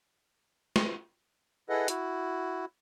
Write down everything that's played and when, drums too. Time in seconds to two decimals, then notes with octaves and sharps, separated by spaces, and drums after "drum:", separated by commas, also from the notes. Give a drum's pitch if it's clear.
0.76 drum: snare
1.69 E4 G#4 A4 B4 D#5 F#5
1.88 E4 F#4, drum: hi-hat